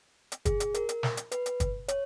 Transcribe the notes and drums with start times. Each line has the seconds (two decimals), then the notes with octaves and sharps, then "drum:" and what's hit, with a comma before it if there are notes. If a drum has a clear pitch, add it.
0.32 drum: hi-hat
0.45 G#4, drum: kick, hi-hat
0.60 drum: hi-hat
0.74 A#4, drum: hi-hat
0.89 drum: hi-hat
1.03 drum: snare
1.17 drum: hi-hat
1.32 B4, drum: hi-hat
1.46 drum: hi-hat
1.60 drum: kick, hi-hat
1.88 C#5, drum: hi-hat